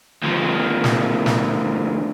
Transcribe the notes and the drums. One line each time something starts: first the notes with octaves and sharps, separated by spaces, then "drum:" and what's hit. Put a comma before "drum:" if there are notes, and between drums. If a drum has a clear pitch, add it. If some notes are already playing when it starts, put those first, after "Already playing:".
D2 F3
drum: snare
drum: snare